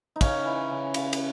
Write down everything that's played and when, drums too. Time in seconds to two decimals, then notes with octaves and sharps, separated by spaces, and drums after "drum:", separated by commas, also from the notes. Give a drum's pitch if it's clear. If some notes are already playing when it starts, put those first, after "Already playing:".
0.16 D#4
0.21 C#3 C#4, drum: kick, cymbal
0.45 E3
0.70 C#3
0.94 C#3, drum: cymbal
1.13 drum: cymbal